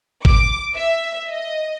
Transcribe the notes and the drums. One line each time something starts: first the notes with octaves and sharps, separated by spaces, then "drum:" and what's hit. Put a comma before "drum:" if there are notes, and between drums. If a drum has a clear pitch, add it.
D6, drum: kick
E5
D#5